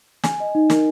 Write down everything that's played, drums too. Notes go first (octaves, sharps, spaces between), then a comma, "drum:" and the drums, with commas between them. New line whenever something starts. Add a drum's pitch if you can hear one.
G#5, drum: snare
D#5
D#4
A#4, drum: snare